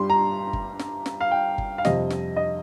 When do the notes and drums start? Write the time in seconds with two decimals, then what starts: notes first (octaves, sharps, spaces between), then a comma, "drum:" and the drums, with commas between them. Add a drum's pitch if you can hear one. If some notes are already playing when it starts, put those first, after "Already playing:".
Already playing: G2 G3 C6
0.10 A#5
0.53 drum: kick G1
0.79 drum: snare
1.06 drum: snare
1.21 F5
1.31 G5
1.58 drum: kick G1
1.78 F5
1.85 F2 C3 G3 D#5, drum: snare
2.10 drum: snare
2.36 D#5